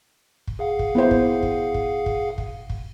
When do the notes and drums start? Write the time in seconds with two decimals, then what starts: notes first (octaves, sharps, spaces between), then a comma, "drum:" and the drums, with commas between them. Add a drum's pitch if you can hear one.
0.47 drum: kick
0.59 G#4 F5 F#5
0.79 drum: kick
0.95 B3 E4 C5
1.11 drum: kick
1.43 drum: kick
1.74 drum: kick
2.06 drum: kick
2.38 drum: kick
2.70 drum: kick